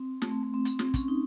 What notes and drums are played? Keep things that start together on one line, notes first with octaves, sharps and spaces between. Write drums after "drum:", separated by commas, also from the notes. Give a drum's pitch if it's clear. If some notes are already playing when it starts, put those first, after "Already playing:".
Already playing: C4
A3, drum: snare
C4
A3
C4
C4, drum: hi-hat
C4, drum: snare
C#4, drum: kick, hi-hat
D#4